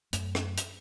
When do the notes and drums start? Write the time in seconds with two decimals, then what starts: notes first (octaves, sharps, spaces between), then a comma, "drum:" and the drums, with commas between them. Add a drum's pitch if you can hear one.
0.13 F#2 A3, drum: hi-hat
0.35 drum: rim click
0.57 drum: hi-hat